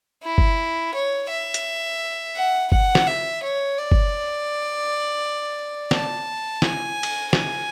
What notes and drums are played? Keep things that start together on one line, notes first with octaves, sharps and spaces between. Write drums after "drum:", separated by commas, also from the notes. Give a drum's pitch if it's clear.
E4
drum: kick
C#5
E5
drum: hi-hat
F#5
F#5, drum: kick
drum: snare
E5
C#5
D5
drum: kick
A5, drum: snare
G#5, drum: snare
drum: cymbal
G#5, drum: snare